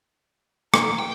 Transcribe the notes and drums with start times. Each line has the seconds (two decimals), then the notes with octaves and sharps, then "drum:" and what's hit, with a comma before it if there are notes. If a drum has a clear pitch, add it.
0.74 A#5, drum: rim click
0.99 G5